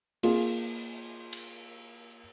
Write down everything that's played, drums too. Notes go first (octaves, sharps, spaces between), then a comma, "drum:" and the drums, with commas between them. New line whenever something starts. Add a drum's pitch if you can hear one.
A#3 F4 G#4, drum: cymbal
drum: cymbal